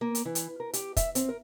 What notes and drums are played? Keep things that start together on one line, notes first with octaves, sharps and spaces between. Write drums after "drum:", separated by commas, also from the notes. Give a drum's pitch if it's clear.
A#3
drum: hi-hat
E3
drum: hi-hat
A#4
G4, drum: hi-hat
E5, drum: kick, hi-hat
C4, drum: hi-hat
A#4